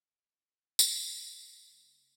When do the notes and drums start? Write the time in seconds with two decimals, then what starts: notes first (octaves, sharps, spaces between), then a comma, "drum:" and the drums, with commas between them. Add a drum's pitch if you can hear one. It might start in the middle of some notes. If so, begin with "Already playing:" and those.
0.79 F3, drum: tambourine
1.67 C3 A3